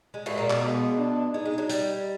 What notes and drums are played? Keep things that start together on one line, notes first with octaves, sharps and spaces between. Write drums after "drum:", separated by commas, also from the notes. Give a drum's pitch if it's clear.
G#3
A2 G#3 A3, drum: cymbal
A#2 A#3
B2 B3, drum: clap
G#3
D4
G#3 D#4
G#3
F#3
G3, drum: hi-hat